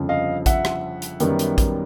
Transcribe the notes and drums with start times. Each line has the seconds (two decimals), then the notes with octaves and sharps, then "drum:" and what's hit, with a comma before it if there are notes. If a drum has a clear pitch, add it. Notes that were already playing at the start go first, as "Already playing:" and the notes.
Already playing: G1 F2 C#3 F3
0.09 D#5 F5
0.46 E5 F#5, drum: kick, hi-hat
0.65 drum: rim click
1.02 drum: hi-hat
1.20 F#2 D#3 G3 B3, drum: hi-hat
1.39 drum: hi-hat
1.58 drum: kick, hi-hat